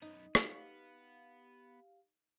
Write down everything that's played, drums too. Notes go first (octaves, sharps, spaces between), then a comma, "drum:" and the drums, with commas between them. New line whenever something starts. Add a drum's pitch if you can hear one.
F#2 B3 D#4
B3 G4 F5, drum: rim click